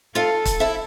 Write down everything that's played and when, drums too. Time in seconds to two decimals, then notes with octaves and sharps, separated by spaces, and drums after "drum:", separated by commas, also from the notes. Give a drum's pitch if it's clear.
0.15 F4 A4 F5
0.45 drum: kick, hi-hat
0.60 E4 E5